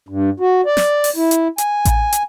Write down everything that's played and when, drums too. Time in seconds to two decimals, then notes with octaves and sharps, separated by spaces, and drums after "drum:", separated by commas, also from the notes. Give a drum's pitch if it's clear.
0.09 G2
0.40 F#4
0.66 D5
0.77 drum: snare
1.04 drum: open hi-hat
1.16 E4
1.31 drum: hi-hat
1.58 G#5, drum: hi-hat
1.85 drum: kick A1, hi-hat
2.13 drum: hi-hat